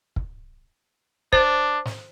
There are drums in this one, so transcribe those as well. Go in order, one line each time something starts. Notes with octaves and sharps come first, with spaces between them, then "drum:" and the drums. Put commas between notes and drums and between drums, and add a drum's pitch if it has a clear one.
drum: kick
D4 C5, drum: kick
drum: snare